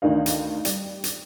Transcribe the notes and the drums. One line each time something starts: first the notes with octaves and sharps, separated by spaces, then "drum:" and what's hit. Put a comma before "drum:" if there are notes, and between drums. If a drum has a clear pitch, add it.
D2 D#3 D4 D#4 F5
drum: hi-hat
G3, drum: hi-hat
drum: hi-hat